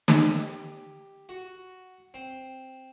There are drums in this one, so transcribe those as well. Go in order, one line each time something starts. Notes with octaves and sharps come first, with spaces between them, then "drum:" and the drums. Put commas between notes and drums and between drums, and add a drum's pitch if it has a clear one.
G4, drum: snare
F#4
C4